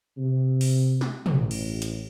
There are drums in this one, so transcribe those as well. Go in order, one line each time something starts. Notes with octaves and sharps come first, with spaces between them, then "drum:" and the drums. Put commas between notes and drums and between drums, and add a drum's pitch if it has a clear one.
C3
drum: open hi-hat
drum: snare
A1, drum: tom
drum: cymbal
drum: hi-hat